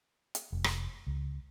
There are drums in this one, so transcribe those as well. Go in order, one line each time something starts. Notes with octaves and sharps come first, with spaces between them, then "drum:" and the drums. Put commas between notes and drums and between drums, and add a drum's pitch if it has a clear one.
drum: hi-hat
F1
drum: rim click
C#2